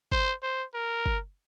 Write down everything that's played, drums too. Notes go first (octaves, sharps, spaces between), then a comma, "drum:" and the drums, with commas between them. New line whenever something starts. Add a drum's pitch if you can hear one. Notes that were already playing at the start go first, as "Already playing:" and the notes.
C5, drum: kick G1
C5
A#4
drum: kick G1